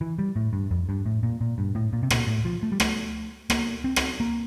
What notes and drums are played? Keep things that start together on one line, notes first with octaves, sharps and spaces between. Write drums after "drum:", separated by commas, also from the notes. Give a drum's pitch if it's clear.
E3
G3
A2
G2
F2
G2
A2
A#2
A#2
G2
A2
A#2
C3
A#2, drum: rim click
A2
F3
A3
G3
A3, drum: rim click
A#3, drum: rim click
C4
drum: rim click
A#3